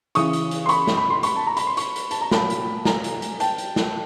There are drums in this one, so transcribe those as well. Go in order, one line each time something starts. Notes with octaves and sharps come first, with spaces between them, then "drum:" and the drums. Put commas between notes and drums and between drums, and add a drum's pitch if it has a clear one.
C#3 E3 C#6 D#6, drum: hi-hat
drum: hi-hat
drum: hi-hat
C6
B5 C#6, drum: hi-hat
drum: snare
B5
C6
B5 C#6, drum: hi-hat
A5
A#5
B5, drum: hi-hat
C6
B5 C#6, drum: hi-hat
drum: hi-hat
A5, drum: hi-hat
A#5
A#2 F#3 A5 B5, drum: snare
drum: hi-hat
G#5 A#5, drum: snare
drum: hi-hat
drum: hi-hat
G5 A5, drum: hi-hat
drum: hi-hat
drum: snare